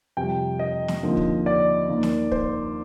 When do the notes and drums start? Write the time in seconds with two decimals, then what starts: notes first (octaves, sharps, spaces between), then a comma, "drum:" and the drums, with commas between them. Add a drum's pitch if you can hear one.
0.17 F2 C3 G3 G5
0.59 D#5
0.88 drum: snare
1.03 D#2 D3 F3 C4
1.17 drum: kick
1.46 D5
1.89 D#2 D#3 A#3
2.03 drum: snare
2.32 C5, drum: kick